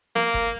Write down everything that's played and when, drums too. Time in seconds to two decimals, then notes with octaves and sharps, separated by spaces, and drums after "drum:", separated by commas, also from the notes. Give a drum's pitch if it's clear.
0.15 A#3, drum: snare
0.34 drum: kick F#1